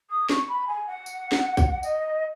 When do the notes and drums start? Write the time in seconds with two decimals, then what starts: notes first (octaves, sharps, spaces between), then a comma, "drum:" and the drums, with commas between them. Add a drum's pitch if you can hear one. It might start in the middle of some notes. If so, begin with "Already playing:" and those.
0.10 D#6
0.29 C#6, drum: snare
0.49 B5
0.68 G#5
0.87 F#5
1.06 drum: tambourine
1.32 drum: snare
1.57 drum: kick, tambourine
1.83 D#5, drum: tambourine